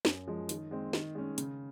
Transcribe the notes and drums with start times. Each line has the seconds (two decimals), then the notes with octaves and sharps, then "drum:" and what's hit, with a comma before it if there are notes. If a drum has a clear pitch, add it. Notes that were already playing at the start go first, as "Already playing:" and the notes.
0.05 F#2, drum: snare
0.27 F3 G#3
0.49 D#3, drum: hi-hat
0.71 G#3 C4
0.93 D#3, drum: snare
1.15 G#3 C#4
1.38 C#3, drum: hi-hat